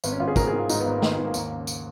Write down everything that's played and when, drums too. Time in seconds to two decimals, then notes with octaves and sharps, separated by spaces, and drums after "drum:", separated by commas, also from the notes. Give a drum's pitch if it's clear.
0.04 G#1 B3, drum: tambourine
0.12 C#4
0.20 G#1 F4
0.28 G#4
0.36 G#2 A#4, drum: kick, tambourine
0.47 G#4
0.52 D#3
0.58 F4
0.69 G#2 D#4, drum: tambourine
0.80 B3
0.86 G#1
0.91 A#3
1.02 D#3, drum: snare
1.13 A#3
1.18 G#2
1.24 A#3
1.34 D#2, drum: tambourine
1.52 C#3
1.67 drum: tambourine